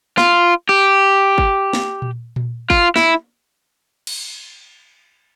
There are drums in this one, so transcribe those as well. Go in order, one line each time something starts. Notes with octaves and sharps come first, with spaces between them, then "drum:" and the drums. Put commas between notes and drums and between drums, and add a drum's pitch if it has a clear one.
F4, drum: snare
G4
drum: kick
drum: snare
drum: tom A#2
drum: tom A#2
F4, drum: kick
E4, drum: snare
drum: cymbal